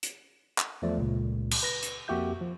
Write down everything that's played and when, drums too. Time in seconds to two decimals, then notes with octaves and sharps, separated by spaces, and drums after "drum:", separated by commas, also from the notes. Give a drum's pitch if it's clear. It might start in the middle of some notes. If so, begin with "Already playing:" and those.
0.03 drum: hi-hat
0.58 drum: clap
0.82 E2 F3 A3 D5
0.98 C#2 A#2
1.51 drum: cymbal
1.63 B4 A#6
1.83 drum: hi-hat
2.08 F2 A#3 F#4 G4 E5 G6
2.41 F3